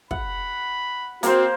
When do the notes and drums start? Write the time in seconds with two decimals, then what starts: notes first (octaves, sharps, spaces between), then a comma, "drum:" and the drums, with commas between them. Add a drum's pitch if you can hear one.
0.11 F#5 B5, drum: kick
1.23 A#3 C4 F#4 C5, drum: hi-hat